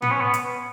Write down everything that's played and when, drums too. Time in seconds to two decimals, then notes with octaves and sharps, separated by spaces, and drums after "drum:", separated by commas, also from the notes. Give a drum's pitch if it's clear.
0.02 B3, drum: tom A2
0.11 C#4
0.20 B3
0.34 drum: hi-hat